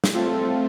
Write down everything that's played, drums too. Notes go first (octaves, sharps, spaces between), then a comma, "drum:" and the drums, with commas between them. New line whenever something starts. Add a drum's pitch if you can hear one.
drum: snare
A3 C4 F4 A4